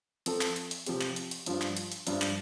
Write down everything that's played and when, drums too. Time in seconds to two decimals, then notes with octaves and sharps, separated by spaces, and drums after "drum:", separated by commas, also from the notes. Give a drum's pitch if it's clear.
0.26 F3 C4 A4, drum: hi-hat
0.41 drum: clap
0.56 drum: hi-hat
0.71 drum: hi-hat
0.86 C3 F3 C4 G4, drum: hi-hat
1.01 drum: clap
1.16 drum: hi-hat
1.31 drum: hi-hat
1.46 G2 F3 D4 F4, drum: hi-hat
1.61 drum: clap
1.77 drum: hi-hat
1.92 drum: hi-hat
2.07 G2 F3 D4, drum: hi-hat
2.22 drum: clap